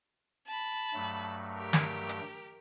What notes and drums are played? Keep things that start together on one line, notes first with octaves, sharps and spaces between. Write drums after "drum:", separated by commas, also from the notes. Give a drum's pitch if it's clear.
A5 B5
G2 F#3 A3
G4 A#4
drum: snare
drum: hi-hat